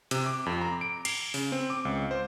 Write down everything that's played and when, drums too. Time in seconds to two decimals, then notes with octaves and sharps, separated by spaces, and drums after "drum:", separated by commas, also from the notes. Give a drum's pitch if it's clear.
0.11 C3, drum: hi-hat
0.26 D6
0.46 F2
0.61 A#5
0.81 D7
1.05 C7, drum: cymbal
1.34 C#3, drum: open hi-hat
1.52 C4
1.70 D6
1.85 C#2
2.11 C5